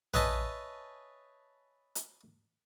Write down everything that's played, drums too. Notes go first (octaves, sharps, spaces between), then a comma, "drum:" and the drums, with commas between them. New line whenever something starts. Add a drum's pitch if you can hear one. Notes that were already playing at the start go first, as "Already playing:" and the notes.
B4 C#5 D#5 E5 G#5 A5, drum: tom A#1
drum: hi-hat